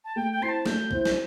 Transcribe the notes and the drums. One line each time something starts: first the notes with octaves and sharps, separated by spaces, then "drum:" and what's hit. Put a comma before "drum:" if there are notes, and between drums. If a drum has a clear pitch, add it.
A5
A3 G5
G5
C4 E4 C6
A5
A3 G6, drum: snare
C4 E4, drum: kick A#1
drum: snare